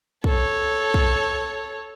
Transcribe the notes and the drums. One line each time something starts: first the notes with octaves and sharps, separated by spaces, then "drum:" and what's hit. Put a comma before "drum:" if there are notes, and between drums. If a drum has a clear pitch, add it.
A4 C#5, drum: kick
drum: kick